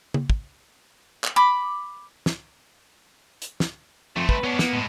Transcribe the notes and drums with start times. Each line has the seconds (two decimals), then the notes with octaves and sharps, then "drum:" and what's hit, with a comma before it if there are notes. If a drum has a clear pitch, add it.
0.14 drum: tom
0.30 drum: kick
1.24 drum: clap
1.36 B5 D6
2.26 drum: snare
3.42 drum: hi-hat
3.60 drum: snare
4.17 F2 A3 C4
4.29 B4, drum: kick
4.44 B3 C#4 D4
4.59 A#3, drum: snare
4.72 A2 G#3